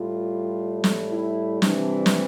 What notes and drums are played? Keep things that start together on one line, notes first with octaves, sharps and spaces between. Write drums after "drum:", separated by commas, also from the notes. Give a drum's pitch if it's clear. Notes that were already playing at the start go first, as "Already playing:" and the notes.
Already playing: A2 G3 F4
drum: snare
E4
C3 E3 G3 D4, drum: snare
drum: snare